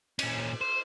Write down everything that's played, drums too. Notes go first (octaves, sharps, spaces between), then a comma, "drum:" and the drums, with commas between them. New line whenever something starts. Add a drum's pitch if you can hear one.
A#2 C#4, drum: cymbal
C5